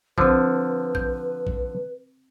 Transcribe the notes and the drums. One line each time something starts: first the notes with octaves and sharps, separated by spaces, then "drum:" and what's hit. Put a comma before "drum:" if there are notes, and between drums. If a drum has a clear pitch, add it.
D3 F3 C4 B4 C5, drum: kick A#1
G6, drum: kick A#1
drum: kick A#1